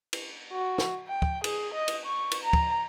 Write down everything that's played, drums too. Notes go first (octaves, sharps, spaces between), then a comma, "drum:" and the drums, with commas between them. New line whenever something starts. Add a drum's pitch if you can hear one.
drum: cymbal
F#4
drum: snare
G5
drum: kick
G#4, drum: cymbal
D#5
drum: cymbal
C#6
drum: cymbal
A#5
drum: kick